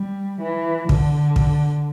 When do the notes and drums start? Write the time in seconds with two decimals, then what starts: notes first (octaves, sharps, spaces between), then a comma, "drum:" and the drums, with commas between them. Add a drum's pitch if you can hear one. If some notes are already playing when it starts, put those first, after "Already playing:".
Already playing: G3
0.41 E3
0.89 D3, drum: kick
1.36 drum: kick